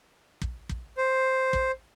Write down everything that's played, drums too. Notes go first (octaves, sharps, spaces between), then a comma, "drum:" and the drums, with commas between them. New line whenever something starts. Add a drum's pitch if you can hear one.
drum: kick
drum: kick
C5
drum: kick